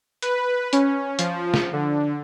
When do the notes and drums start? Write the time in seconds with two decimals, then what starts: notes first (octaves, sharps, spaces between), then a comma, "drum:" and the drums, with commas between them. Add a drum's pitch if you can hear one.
0.22 B4, drum: hi-hat
0.73 C#4, drum: hi-hat
1.19 F3, drum: hi-hat
1.54 drum: snare
1.73 D3